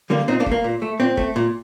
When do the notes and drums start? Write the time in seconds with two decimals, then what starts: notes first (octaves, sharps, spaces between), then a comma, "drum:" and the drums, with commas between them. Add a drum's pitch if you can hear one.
0.10 D3 G3 A#3
0.28 A#2 C4 D#4
0.40 A#3 D4
0.46 A3, drum: kick F#1
0.52 A#3
0.64 A#2
0.82 A3
1.00 A#2 C4
1.17 A3, drum: kick F#1
1.36 A#2